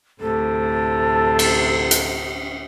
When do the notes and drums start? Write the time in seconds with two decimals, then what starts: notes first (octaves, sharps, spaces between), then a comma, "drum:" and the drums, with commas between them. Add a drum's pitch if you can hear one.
0.20 D2 A2 C3 A4
1.39 drum: cymbal
1.91 drum: hi-hat